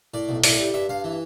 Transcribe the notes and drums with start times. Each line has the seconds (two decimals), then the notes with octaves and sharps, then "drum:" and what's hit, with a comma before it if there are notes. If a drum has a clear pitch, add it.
0.14 A2 D5
0.29 B1
0.44 A2 D5, drum: open hi-hat
0.59 G3
0.74 G2 E5
0.89 G2 F5
1.04 E3